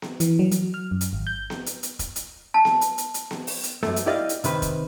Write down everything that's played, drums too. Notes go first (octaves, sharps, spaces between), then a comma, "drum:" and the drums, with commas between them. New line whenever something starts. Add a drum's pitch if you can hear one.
drum: snare B3
E3, drum: hi-hat
F#3
F#3, drum: hi-hat
F6
F#2
drum: hi-hat
G#1
G6
drum: snare B3
drum: hi-hat
drum: hi-hat
drum: kick, hi-hat
drum: hi-hat
A5
drum: snare B3
drum: hi-hat
drum: hi-hat
drum: hi-hat
drum: snare B3
drum: open hi-hat
drum: hi-hat
F#2 A3, drum: snare B3
drum: hi-hat
E4 G4 D5 D#5 F5
drum: hi-hat
C3 D#3 B4 C5, drum: hi-hat
drum: kick, hi-hat